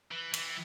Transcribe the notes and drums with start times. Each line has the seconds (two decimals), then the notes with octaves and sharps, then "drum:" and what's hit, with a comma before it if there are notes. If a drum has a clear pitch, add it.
0.11 E3
0.34 E3, drum: cymbal